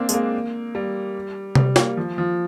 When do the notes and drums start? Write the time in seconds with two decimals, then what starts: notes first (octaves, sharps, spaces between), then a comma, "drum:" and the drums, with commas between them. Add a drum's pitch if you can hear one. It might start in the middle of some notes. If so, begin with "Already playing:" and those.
Already playing: A#3 C4 D4
0.09 G#3, drum: tambourine
0.14 A#3
0.75 G3
1.55 G3, drum: tom C3
1.76 A#3, drum: snare
1.97 F3
2.18 F3